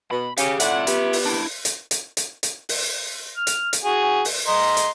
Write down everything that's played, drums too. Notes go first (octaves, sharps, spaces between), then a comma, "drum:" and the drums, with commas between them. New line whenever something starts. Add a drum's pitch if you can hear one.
B2 B5
C#4 G4 G#4 F5, drum: hi-hat
A2 F4 D5 E5 F#5, drum: hi-hat
B3 G4, drum: hi-hat
drum: open hi-hat
D4 E4
drum: hi-hat
drum: hi-hat
drum: hi-hat
drum: hi-hat
drum: open hi-hat
F6
drum: hi-hat
drum: hi-hat
F#4 G#4
drum: open hi-hat
D#5 A#5 C6
drum: hi-hat